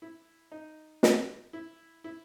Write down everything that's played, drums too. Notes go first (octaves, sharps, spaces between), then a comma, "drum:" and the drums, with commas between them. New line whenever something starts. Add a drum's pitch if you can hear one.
E4
D#4
drum: snare
E4
E4